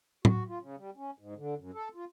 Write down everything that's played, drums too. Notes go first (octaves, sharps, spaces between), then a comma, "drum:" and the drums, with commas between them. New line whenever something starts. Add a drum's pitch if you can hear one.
F#4, drum: tom
F4
C#3
G3
C#4
G#2
D3
F#2
A4
F4